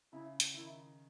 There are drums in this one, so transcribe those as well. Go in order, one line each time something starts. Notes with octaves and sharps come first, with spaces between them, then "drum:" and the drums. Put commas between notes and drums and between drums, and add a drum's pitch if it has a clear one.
C#3 E4
drum: hi-hat
D#3 E4